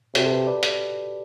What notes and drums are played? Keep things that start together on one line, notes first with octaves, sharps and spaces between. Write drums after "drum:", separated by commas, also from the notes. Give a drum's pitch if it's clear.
C3 F#4 A4, drum: hi-hat
A4
G4 B4
B4 D5
drum: hi-hat